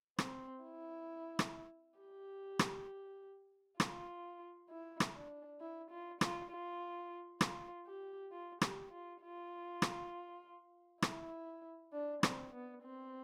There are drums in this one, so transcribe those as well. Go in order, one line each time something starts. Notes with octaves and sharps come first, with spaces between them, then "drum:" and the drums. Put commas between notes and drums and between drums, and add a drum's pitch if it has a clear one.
C4, drum: rim click
E4
drum: rim click
G4
drum: rim click
F4, drum: rim click
E4
drum: rim click
D4
E4
F4
F4, drum: rim click
F4
F4, drum: rim click
G4
F4
G4, drum: rim click
F4
F4
drum: rim click
E4, drum: rim click
D4
C4, drum: rim click
B3
C4